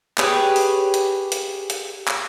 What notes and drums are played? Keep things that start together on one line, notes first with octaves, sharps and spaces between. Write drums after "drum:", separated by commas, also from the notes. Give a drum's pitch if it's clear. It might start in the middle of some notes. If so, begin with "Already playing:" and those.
G4 G#4 B4 C#5, drum: clap
drum: open hi-hat
drum: hi-hat
drum: hi-hat
drum: hi-hat
drum: clap